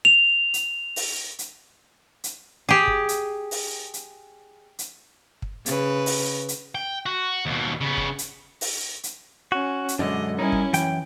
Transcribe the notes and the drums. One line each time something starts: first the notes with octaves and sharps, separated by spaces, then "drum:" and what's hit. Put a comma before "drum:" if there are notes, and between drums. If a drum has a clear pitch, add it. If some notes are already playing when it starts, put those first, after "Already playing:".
F7
drum: hi-hat
drum: open hi-hat
drum: hi-hat
drum: hi-hat
G4 G#4
drum: kick
drum: hi-hat
drum: open hi-hat
drum: hi-hat
drum: hi-hat
drum: kick
C#3 B4, drum: hi-hat
drum: open hi-hat
drum: hi-hat
G5
F#4
D#2 B2
C#3 B3
drum: kick
drum: hi-hat
drum: open hi-hat
drum: hi-hat
C#4 F#4
drum: hi-hat
F#2 D3 G#3 D4 D#5
G3 C#4 D#4 E4 A#4 C#5
drum: kick
F#2 E3 G5, drum: hi-hat